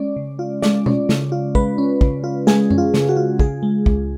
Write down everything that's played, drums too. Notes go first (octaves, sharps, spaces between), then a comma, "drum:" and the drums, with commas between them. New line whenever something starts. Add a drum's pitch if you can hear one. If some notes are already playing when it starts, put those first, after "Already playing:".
Already playing: G#3 C#4 D5
C#3
F4
G#3 D5, drum: snare
C#4, drum: tom B2
C#3, drum: snare
F4
G#3 B4, drum: kick
C#4
C#3, drum: kick
F4
G#3 G#4, drum: snare
C#4, drum: tom F#2
F4
C#3, drum: snare
F#4
F4
C#3 G#4, drum: kick
G#3
C#2, drum: kick